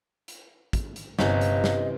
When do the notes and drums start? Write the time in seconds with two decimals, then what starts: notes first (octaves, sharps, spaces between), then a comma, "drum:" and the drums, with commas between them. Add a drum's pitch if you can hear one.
0.28 drum: hi-hat
0.73 drum: kick, hi-hat
0.96 drum: hi-hat
1.19 G1 C3 E3 C#4 D#5, drum: snare
1.41 drum: hi-hat
1.64 drum: snare